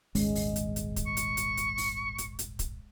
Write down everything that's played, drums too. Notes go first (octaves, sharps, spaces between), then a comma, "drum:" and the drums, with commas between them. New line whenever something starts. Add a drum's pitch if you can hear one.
D#1 G#1 G#3 C#4, drum: open hi-hat
drum: open hi-hat
drum: hi-hat
drum: hi-hat
drum: kick, hi-hat
C#6
drum: hi-hat
drum: hi-hat
drum: hi-hat
drum: open hi-hat
drum: hi-hat
drum: hi-hat
drum: kick, hi-hat